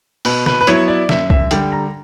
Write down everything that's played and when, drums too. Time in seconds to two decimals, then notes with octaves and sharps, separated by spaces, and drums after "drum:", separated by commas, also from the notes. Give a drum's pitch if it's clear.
0.25 B2 B4, drum: open hi-hat
0.46 B4, drum: snare
0.61 B4
0.67 F#3 B3 E4 C#5, drum: hi-hat
0.88 D5
1.09 F#2 E5, drum: snare
1.30 E5, drum: kick C2
1.51 D3 G3 G5, drum: hi-hat
1.72 A#5